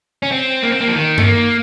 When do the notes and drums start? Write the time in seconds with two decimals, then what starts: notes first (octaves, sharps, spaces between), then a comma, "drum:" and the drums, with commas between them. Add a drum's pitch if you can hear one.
0.23 C#4
0.32 C4
0.62 A#3
0.71 C4
0.80 A#3
0.88 F3
0.94 D#3
1.18 A3, drum: tom G2
1.24 A#3